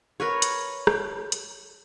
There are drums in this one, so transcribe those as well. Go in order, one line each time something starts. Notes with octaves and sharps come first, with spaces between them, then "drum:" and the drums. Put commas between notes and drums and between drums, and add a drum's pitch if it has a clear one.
A#4 B4 C#5
drum: hi-hat
drum: rim click
drum: hi-hat